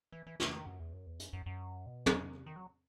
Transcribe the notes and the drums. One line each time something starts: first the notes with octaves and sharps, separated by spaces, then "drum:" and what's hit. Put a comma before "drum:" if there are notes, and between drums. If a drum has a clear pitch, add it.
E3
E3
E3, drum: snare
D#3
F#2
E2
F#2
E2
F#2, drum: hi-hat
F#2
F#2
B2
C3, drum: tom
D#3
C3
D#3
F#3